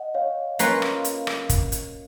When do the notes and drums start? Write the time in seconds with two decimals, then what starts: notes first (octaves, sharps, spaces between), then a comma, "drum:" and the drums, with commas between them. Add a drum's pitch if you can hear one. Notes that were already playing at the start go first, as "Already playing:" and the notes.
Already playing: D#5 F#5
0.14 C#5 F5
0.59 A#3 C#4 F4 B4, drum: hi-hat
0.82 drum: rim click
1.04 drum: hi-hat
1.27 drum: rim click
1.49 drum: kick, hi-hat
1.72 drum: hi-hat